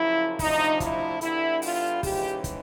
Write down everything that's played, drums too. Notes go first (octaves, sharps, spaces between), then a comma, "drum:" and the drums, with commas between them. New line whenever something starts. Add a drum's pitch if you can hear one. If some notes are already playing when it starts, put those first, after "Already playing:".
Already playing: F#2 C#3 F3 E4
C3 F3 A3 D4 D#4, drum: kick, open hi-hat
E4, drum: kick, hi-hat
D3 G3 B3 E4, drum: hi-hat
F4, drum: open hi-hat
G#2 E3 G#3 C#4 G4, drum: kick, open hi-hat
drum: kick, hi-hat